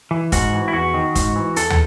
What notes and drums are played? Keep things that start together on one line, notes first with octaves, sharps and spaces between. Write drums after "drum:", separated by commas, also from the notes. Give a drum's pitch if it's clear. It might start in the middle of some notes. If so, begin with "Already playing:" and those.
E3
G#2 F#4, drum: kick, hi-hat
E3
E4
E2 F#4
D#3
G#2, drum: kick, hi-hat
E3
E2 A4, drum: hi-hat
drum: tom